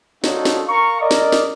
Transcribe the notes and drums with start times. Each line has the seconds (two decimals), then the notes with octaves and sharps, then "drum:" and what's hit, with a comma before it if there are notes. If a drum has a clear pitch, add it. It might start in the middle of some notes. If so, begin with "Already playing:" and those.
0.24 D4 D#4 F4 F#4 A4 C#5, drum: snare
0.45 drum: snare
0.67 A#4 F5 A#5 C#6
1.01 A#4 D5 D#5
1.11 drum: snare
1.32 drum: snare